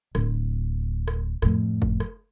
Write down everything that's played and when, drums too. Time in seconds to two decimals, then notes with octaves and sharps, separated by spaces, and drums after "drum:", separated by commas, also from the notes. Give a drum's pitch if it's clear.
0.15 D1, drum: rim click
1.08 drum: rim click
1.42 F2 A2, drum: rim click
1.82 drum: kick F#1
2.00 drum: rim click